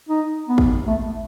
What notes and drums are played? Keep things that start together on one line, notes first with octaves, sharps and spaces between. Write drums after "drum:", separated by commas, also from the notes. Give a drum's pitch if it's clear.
D#4
B3
drum: kick
A3